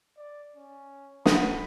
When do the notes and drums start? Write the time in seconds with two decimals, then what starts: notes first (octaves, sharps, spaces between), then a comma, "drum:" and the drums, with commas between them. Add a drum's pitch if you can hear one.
0.17 D5
0.56 C#4
1.26 F#5 B5 D#6, drum: snare